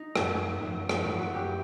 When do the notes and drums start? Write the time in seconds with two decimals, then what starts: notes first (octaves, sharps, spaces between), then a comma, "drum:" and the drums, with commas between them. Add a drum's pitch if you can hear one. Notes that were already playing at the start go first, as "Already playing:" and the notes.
Already playing: D#4
0.16 F#2 F#3, drum: rim click
0.60 F#2 F#3
0.89 drum: rim click
1.04 F#2 F#3 E4
1.19 F#4
1.34 G4